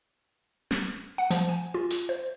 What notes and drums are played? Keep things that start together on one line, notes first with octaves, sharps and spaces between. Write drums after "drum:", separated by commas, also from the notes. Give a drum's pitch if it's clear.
drum: snare
F#5
F3, drum: hi-hat
G#5
F4
drum: hi-hat
C5